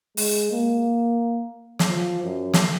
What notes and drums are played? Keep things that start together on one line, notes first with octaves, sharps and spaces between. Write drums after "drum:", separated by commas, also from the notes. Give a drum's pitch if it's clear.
G#3, drum: open hi-hat
A#3
drum: snare
F3
F#2
drum: snare